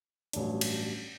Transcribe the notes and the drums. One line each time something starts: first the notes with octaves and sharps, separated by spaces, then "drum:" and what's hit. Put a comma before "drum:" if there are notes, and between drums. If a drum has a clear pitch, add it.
A1 G2 F#3 A3 D4, drum: hi-hat
drum: cymbal